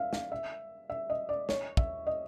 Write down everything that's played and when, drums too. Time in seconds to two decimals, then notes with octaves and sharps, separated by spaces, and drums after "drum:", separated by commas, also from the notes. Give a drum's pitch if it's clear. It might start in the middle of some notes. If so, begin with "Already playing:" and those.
Already playing: E5 F5
0.13 F5, drum: snare
0.32 E5
0.90 E5
1.10 D#5
1.29 D5
1.49 C#5, drum: snare
1.77 E5, drum: kick
2.07 D#5